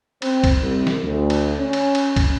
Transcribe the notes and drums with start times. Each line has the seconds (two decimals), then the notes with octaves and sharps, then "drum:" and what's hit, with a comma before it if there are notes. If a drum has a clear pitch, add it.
0.22 C4, drum: cymbal
0.44 drum: kick, cymbal
0.61 C2
0.87 drum: snare
1.04 D2
1.30 drum: cymbal
1.60 C#4
1.73 drum: cymbal
1.95 drum: cymbal
2.16 drum: kick, cymbal